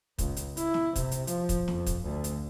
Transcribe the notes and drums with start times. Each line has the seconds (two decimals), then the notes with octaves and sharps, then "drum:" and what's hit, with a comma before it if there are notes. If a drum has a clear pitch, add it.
0.18 C#2, drum: kick, hi-hat
0.37 drum: hi-hat
0.57 E4, drum: hi-hat
0.74 drum: snare
0.96 C3, drum: kick, hi-hat
1.11 drum: hi-hat
1.27 F3, drum: hi-hat
1.49 drum: kick, hi-hat
1.68 F2, drum: snare
1.86 drum: kick, hi-hat
2.02 D2
2.24 drum: hi-hat